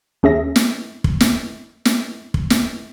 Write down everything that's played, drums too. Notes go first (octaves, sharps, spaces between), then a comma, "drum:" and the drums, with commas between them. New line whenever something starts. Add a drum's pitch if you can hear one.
D#2 C#4 G#4 E5 A#6
drum: snare
drum: kick
drum: snare
drum: snare
drum: kick
drum: snare